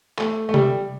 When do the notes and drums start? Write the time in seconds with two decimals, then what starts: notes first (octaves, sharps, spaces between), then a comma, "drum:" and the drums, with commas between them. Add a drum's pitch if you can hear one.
0.18 A3, drum: clap
0.49 A3
0.54 G3, drum: tom C3